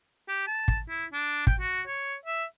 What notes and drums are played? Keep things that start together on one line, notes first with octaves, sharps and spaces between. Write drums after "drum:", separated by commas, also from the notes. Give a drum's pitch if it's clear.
G4
A5
drum: kick
E4
D4
G5, drum: kick
F#4
C#5
E5